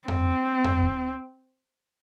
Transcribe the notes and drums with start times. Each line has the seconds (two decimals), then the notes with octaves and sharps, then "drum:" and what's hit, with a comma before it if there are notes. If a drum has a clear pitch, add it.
0.08 C4, drum: tom F2
0.64 drum: tom F2
0.82 drum: kick D2